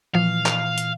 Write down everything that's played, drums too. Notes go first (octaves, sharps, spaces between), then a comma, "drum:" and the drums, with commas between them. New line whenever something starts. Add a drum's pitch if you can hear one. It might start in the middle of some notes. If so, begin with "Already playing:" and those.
A#2 E3 F3 F5
drum: clap
drum: hi-hat